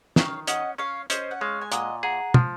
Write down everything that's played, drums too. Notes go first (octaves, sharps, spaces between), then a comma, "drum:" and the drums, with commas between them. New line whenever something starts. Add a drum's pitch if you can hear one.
D#3 C#5 F5, drum: snare
C#4 D#5 F#5, drum: hi-hat
C#4 C#5 F5
C#4 C5 D#5, drum: hi-hat
F#5
G#3 C#5 F5
G#5
A#2 D#5 F#5, drum: hi-hat
G#4 F#5 A#5
F3, drum: tom